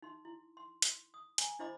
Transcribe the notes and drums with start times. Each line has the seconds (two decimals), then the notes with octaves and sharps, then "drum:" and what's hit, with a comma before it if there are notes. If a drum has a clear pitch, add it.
0.02 D#4 C6
0.25 E4
0.57 C6
0.82 drum: hi-hat
1.14 D#6
1.38 G#5 A#5, drum: hi-hat
1.59 D4 E4 C5 D#5 B5 D6